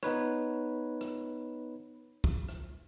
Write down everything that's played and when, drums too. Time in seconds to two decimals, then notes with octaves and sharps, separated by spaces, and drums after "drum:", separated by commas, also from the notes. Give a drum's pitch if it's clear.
0.03 B3 D#4 B4 C#5, drum: rim click
1.01 drum: rim click
2.24 drum: kick
2.48 drum: rim click